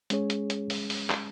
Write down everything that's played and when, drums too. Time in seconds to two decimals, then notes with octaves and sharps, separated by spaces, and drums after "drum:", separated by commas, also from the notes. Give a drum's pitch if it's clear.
0.10 G#3 C#4 G#4 C#5, drum: hi-hat
0.30 drum: hi-hat
0.50 drum: hi-hat
0.70 drum: open hi-hat
0.90 drum: open hi-hat
1.10 drum: clap